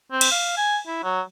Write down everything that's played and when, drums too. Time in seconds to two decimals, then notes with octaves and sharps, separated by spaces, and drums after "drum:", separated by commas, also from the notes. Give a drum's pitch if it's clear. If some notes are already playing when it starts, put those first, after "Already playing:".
0.12 C4
0.21 drum: cymbal
0.31 F5
0.57 G#5
0.87 E4
1.03 F#3